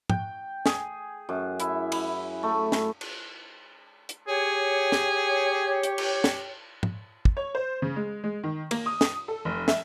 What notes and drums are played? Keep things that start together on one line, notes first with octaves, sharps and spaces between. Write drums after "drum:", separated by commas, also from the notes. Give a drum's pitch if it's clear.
G5, drum: tom
G#4, drum: snare
F#2
E4, drum: hi-hat
E4, drum: cymbal
A3
drum: snare
drum: cymbal
drum: hi-hat
G4 G#4 C#5
drum: snare
drum: hi-hat
drum: cymbal
drum: snare
drum: tom
drum: kick
C#5
C5
C#3
G#3
G#3
D#3
A#3, drum: cymbal
D#6
drum: snare
A4
F1
E5, drum: snare